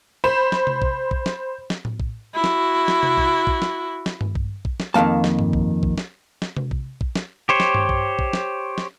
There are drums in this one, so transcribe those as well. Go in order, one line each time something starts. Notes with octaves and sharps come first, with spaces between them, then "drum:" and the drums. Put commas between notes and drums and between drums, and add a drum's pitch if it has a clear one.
C5 B5 E7
drum: snare
drum: tom C3
drum: kick
drum: kick
drum: snare
drum: snare
drum: tom A2
drum: kick
E4 F#4
drum: snare
drum: snare
drum: tom C3
drum: kick
drum: kick
drum: snare
drum: snare
drum: tom G2
drum: kick
drum: kick
drum: snare
F2 D#3 G#3 A#3 A5
drum: snare
drum: tom G2
drum: kick
drum: kick
drum: snare
drum: snare
drum: tom C3
drum: kick
drum: kick
drum: snare
G4 C5 C#5
drum: snare
drum: tom G2
drum: kick
drum: kick
drum: snare
drum: snare